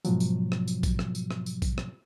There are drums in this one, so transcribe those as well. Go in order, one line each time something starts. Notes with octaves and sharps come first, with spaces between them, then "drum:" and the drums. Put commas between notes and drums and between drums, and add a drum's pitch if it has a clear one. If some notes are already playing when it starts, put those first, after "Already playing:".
G#2 B2 F3 F#3, drum: tambourine
drum: tambourine
drum: rim click
drum: tambourine
drum: kick A#1, tambourine
drum: rim click
drum: tambourine
drum: rim click
drum: tambourine
drum: kick A#1, tambourine
drum: rim click